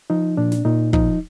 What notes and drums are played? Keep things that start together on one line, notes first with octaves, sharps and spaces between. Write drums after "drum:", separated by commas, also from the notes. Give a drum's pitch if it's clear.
F3 D#4
A#2 D4
drum: snare
A#2 D#4
F3 D#4, drum: kick